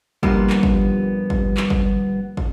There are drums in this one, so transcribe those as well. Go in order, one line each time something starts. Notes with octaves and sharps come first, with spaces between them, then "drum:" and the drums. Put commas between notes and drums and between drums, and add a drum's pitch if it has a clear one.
G2 A#2 F3 G3 A#3 B3, drum: kick
drum: clap
drum: kick
drum: kick
drum: clap
drum: kick
drum: kick